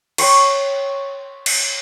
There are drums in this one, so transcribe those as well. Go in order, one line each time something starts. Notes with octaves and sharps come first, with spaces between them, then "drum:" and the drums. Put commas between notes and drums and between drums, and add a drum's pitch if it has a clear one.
C#5 G5 C6 C#6, drum: cymbal
drum: cymbal